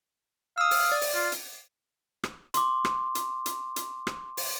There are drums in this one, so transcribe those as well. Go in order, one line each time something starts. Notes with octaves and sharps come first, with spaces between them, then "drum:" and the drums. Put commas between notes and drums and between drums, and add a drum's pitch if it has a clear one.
F5 D#6 E6
drum: open hi-hat
D5
drum: open hi-hat
F4
drum: hi-hat
drum: rim click
C6 D6, drum: hi-hat
drum: rim click
drum: hi-hat
drum: hi-hat
drum: hi-hat
drum: rim click
drum: open hi-hat